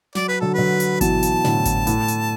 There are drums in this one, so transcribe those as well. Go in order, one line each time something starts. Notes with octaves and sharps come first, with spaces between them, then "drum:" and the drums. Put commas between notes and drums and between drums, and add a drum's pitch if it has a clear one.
F#3 D5, drum: snare
B4
D3 F#3 A4
D3 F#3 B4
drum: hi-hat
B2 E3 A5, drum: kick G#1, hi-hat
drum: hi-hat
A2 D3, drum: snare
drum: kick G#1, hi-hat
A2, drum: hi-hat
drum: hi-hat